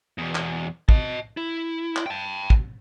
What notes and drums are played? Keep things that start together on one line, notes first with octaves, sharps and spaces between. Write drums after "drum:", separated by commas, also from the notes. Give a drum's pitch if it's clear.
E2 B2
drum: clap
D#5 A5, drum: kick
E4
drum: clap
G5 A5
drum: kick